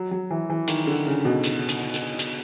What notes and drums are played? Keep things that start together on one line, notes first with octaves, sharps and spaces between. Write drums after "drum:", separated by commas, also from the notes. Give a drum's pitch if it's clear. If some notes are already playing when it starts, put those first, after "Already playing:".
Already playing: F#3
F#3
E3
E3
D#3, drum: hi-hat
D3
C#3
B2
drum: hi-hat
drum: hi-hat
drum: hi-hat
drum: hi-hat